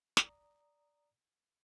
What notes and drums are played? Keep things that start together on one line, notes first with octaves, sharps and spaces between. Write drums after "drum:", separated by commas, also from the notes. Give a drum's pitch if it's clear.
D5 A#5 D#6, drum: snare